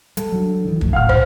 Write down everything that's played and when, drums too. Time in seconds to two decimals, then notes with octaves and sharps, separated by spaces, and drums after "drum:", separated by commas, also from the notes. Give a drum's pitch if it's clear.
0.17 G3 A4, drum: hi-hat
0.32 F#3 D4
0.65 D#3 E3
0.81 F2 A3, drum: kick
0.93 A2 F5 F#5 F6
1.09 C5, drum: kick